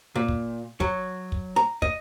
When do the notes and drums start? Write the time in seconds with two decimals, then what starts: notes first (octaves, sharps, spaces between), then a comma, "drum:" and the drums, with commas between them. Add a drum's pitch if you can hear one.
0.15 A#2
0.28 drum: kick
0.80 F#3, drum: kick
1.32 drum: kick
1.56 A#5
1.82 D#5, drum: kick